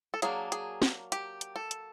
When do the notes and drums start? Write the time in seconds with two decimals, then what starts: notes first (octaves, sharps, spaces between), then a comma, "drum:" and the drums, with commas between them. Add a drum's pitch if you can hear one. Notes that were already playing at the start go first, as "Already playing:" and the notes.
0.14 A4
0.22 F#3 A#3 D4 G#4, drum: hi-hat
0.52 G#4, drum: hi-hat
0.82 drum: snare
1.12 G4, drum: hi-hat
1.41 drum: hi-hat
1.56 A4
1.71 drum: hi-hat